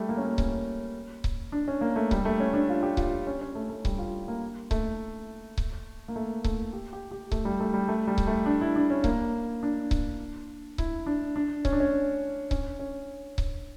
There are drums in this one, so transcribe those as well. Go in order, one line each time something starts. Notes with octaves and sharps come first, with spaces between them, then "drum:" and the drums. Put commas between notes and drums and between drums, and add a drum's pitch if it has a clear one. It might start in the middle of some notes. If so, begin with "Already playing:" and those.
Already playing: G3 A3
A#3
C#4
A#3
C#4, drum: kick C#1
drum: kick C#1
D4
C#4
A#3
A3
G3, drum: kick C#1
A3
C#4
D4
F4
G4
F4, drum: kick C#1
C#4
C#4
A3
A3
G3, drum: kick C#1
F4
A#3
A3, drum: kick C#1
drum: kick C#1
A#3
A3
A3, drum: kick C#1
G4
G4
G4
A3, drum: kick C#1
G3
A3
G3
A3
G3
drum: kick C#1
A3
D4
E4
D4
C#4
A#3, drum: kick C#1
D4
drum: kick C#1
E4, drum: kick C#1
D4
D4
C#4, drum: kick C#1
D4
C#4
C#4, drum: kick C#1
C#4
drum: kick C#1